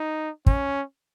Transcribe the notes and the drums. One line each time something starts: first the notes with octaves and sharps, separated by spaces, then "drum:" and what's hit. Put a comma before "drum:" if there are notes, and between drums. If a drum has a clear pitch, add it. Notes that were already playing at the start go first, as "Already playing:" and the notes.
Already playing: D#4
C#4, drum: kick